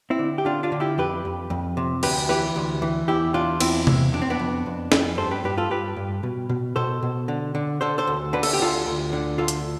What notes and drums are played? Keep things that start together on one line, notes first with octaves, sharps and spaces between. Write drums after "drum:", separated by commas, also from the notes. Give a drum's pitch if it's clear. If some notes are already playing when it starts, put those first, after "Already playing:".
C4 E4
D3
G4
D3 D4 F4
D4 F4
D3
E4 G4
F2 G4 B4
F2
F2
C3
D2 G4 B4, drum: cymbal
E3 G4 B4
D2
E3
E2 E4 G4
E3 D4 F4
E2 C4 E4, drum: cymbal
E3, drum: tom C3
F2 D4
C4
B3 D4
F2
F2
F2, drum: snare
G2 A4 C5
G4 B4
G2 G4 B4
F4 A4
G2 G4 B4
G2
B2
B2
B2 A4 C5
B2
D3
D3
D3 A4 C5
A4 C5
D2
D3 B4
A4, drum: cymbal
G4
D2 F4 A4
D2
D3
D2 F4 A4
drum: hi-hat